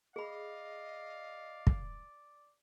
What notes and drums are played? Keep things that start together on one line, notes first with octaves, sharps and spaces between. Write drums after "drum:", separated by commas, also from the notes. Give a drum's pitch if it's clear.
G#4 D5 D#5 F5 B5
drum: kick